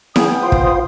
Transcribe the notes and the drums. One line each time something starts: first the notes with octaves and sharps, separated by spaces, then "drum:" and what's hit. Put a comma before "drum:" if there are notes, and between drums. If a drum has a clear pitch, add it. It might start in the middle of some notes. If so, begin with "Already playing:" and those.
B3 G#4 G5 D#6, drum: snare E4
F4 C5
drum: kick